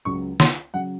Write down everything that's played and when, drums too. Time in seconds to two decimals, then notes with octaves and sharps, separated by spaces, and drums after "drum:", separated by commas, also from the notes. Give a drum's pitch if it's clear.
0.05 C#2 C#3 F#3 C#6
0.40 C6, drum: snare
0.74 C#3 F#3 F#5